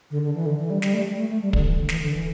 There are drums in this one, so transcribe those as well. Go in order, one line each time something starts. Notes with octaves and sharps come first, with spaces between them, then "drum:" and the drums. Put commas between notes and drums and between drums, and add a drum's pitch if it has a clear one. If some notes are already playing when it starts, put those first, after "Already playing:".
D3
D3
E3
D3
E3
G3
G3, drum: snare
A3
G3
A3
A3
G3
D3, drum: kick
E3
D3
E3, drum: snare
D3
E3